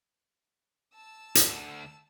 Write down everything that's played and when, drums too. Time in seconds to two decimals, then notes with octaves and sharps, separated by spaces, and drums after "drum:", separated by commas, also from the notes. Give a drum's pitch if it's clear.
0.95 A5 E6
1.35 D2, drum: hi-hat